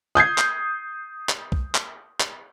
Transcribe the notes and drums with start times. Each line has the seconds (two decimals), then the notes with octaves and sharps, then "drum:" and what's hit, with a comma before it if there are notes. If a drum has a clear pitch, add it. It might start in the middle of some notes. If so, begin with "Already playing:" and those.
0.15 D#6 G6 G#6 C7
0.38 drum: clap
1.29 drum: clap
1.52 drum: kick C2
1.75 drum: clap
2.20 drum: clap